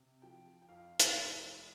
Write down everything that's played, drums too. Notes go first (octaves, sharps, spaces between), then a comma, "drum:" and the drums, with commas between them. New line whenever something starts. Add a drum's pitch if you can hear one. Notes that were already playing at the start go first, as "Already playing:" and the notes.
Already playing: C3
F3 G5
G5
F2 F5
E5, drum: hi-hat
F1
E5